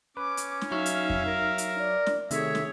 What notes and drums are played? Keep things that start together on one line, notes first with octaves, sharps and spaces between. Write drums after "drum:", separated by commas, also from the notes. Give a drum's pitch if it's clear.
C#4 B4 D6
drum: hi-hat
drum: snare
F#3 D#4 C#5 E5 F5
drum: hi-hat
drum: kick F2
A#4
drum: hi-hat
D5
drum: snare
C3 D#3 A3 G#4 A4 C#5 E5, drum: hi-hat
drum: snare